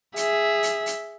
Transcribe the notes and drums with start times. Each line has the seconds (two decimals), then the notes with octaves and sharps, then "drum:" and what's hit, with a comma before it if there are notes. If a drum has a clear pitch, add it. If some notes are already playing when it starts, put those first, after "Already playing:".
0.16 G#4 E5, drum: hi-hat
0.63 drum: hi-hat
0.86 drum: hi-hat